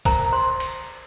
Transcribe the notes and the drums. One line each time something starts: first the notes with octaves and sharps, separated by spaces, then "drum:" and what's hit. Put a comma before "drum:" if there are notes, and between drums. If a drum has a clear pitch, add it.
A#4 C5 A#5, drum: kick, cymbal
C5 C6
drum: cymbal